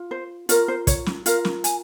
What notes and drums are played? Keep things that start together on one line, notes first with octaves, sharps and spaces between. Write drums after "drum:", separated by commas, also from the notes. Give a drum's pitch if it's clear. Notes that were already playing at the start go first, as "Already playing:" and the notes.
Already playing: F4
C5
F4 A#4 C#5, drum: hi-hat
C5
C#5, drum: kick, hi-hat
drum: snare
F4 A#4 F5, drum: hi-hat
drum: snare
G#5, drum: hi-hat